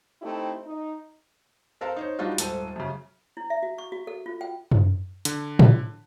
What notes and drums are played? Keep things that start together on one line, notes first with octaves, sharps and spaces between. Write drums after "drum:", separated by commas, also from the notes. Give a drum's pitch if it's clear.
A3 C4 D#4 E4 G4
D#4
C4 A4 A#4 C5 F5 A5
D#4 C5 C#5
G3 D4 D#4 F4 F#4
D#1 G#2 A4 C5 D#7, drum: hi-hat
F#2 C#3
E4
E5
F#4
C#6
F#4
A4
F4
G5
drum: tom F#2
D3, drum: hi-hat
drum: tom A2